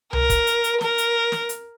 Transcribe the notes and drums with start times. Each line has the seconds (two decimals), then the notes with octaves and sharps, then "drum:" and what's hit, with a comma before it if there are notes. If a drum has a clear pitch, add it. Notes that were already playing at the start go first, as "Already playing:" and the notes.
0.13 A#4, drum: tom C2
0.30 drum: kick, hi-hat
0.47 drum: hi-hat
0.64 drum: hi-hat
0.81 A#4, drum: snare
0.98 drum: hi-hat
1.32 drum: snare
1.49 drum: hi-hat